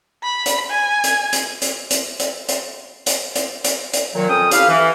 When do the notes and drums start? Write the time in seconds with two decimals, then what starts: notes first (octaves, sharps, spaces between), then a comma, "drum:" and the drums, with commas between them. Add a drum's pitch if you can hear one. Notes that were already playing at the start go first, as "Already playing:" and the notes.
0.23 B5
0.46 drum: hi-hat
0.70 G#5
1.04 drum: hi-hat
1.33 drum: hi-hat
1.62 drum: hi-hat
1.91 drum: hi-hat
2.19 drum: hi-hat
2.48 drum: hi-hat
3.06 drum: hi-hat
3.35 drum: hi-hat
3.64 drum: hi-hat
3.93 drum: hi-hat
4.14 A#2 D#3 F#3
4.29 F2 C#4 G5 D#6
4.51 F2 E4 G4 F5, drum: hi-hat
4.68 E3